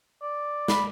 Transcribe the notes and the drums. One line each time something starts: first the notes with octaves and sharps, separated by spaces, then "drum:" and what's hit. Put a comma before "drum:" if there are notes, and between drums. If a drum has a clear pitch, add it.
D5
B5, drum: snare